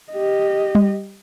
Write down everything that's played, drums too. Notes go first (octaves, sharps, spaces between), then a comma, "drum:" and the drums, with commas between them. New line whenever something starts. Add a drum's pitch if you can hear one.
G4 D#5
drum: tom G3